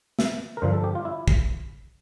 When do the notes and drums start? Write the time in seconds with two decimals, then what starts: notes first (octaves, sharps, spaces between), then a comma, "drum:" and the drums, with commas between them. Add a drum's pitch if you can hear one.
0.19 E5, drum: snare
0.57 A#4
0.62 G2 D3 F3 C5
0.73 A4
0.84 G4
0.95 F4
1.05 E4
1.28 drum: kick